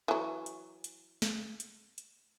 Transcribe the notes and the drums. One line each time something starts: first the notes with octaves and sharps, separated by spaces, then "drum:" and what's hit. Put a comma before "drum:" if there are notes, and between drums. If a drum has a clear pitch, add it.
E3 F#3
drum: hi-hat
drum: hi-hat
drum: snare
drum: hi-hat
drum: hi-hat